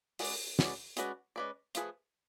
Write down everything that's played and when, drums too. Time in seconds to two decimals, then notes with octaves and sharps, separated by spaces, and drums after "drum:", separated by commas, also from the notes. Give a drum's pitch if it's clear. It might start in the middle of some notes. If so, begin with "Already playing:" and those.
0.19 G#3 C#4 F#4 B4 D5, drum: open hi-hat
0.59 G#3 C#4 F#4 B4 D5, drum: snare
0.97 G#3 C#4 F#4 B4 D5, drum: hi-hat
1.36 G#3 C#4 F#4 B4 D5
1.75 F3 A3 F4 G#4 B4, drum: hi-hat